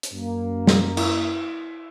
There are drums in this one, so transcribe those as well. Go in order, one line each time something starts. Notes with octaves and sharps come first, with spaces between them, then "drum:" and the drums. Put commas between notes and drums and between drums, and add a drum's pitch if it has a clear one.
drum: hi-hat
F#2 A#3
drum: snare
E4, drum: cymbal